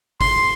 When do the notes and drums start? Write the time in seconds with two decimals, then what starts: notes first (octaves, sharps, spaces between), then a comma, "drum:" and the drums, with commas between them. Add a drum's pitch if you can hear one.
0.21 C6, drum: kick, open hi-hat